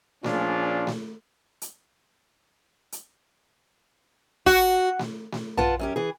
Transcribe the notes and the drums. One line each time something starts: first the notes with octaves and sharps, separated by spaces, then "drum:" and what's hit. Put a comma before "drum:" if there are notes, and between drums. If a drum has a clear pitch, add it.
A#2 F3 C#4 D4 F4 G#4, drum: snare A3
drum: snare A3
drum: hi-hat
drum: hi-hat
F#4, drum: kick
drum: snare A3
drum: snare A3
F4 B4 F#5 A5, drum: tom A#1
F#2 C#4 G4
E3 G#4